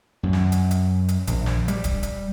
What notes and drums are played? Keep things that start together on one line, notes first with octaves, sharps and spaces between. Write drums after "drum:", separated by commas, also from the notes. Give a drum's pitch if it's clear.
F#2
drum: snare
drum: hi-hat
drum: hi-hat
drum: hi-hat
A#1, drum: hi-hat
drum: snare
G3, drum: hi-hat
drum: kick D1, hi-hat
drum: hi-hat